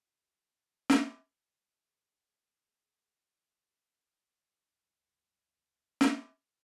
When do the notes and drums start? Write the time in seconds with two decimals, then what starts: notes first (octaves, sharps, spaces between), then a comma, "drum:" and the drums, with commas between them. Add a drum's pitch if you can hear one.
0.02 A#1 F2 C#3 F#4 F5 E6
0.90 drum: snare
1.68 D4 G#4
4.40 C2 F#2
6.01 drum: snare